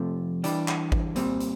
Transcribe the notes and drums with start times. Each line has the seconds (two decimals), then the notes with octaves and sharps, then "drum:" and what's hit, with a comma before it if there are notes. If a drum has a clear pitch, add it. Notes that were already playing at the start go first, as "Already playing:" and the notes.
Already playing: F2 C3 F3 A3
0.44 E3 G3 D4 G4, drum: hi-hat
0.68 drum: clap
0.92 drum: kick G#1
1.16 A#2 G3 C4, drum: hi-hat
1.40 drum: hi-hat